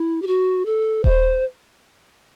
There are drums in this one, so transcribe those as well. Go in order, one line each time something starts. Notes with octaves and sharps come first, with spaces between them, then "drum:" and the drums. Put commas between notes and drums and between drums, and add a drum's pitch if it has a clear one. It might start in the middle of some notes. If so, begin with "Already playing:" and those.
Already playing: E4
G4
F#4
A4
C5, drum: kick D#1